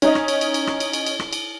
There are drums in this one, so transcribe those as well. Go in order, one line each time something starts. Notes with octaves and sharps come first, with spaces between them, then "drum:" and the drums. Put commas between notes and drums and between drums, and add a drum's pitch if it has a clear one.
C#4 D#4 D#5, drum: cymbal
drum: rim click
drum: cymbal
drum: cymbal
drum: cymbal
drum: rim click
drum: cymbal
drum: cymbal
drum: cymbal
drum: rim click
drum: cymbal